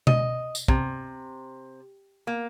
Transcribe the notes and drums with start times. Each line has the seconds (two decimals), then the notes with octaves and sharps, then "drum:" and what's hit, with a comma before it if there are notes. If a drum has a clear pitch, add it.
0.07 D#5, drum: tom B2
0.55 drum: tambourine
0.68 C3, drum: kick
2.27 A#3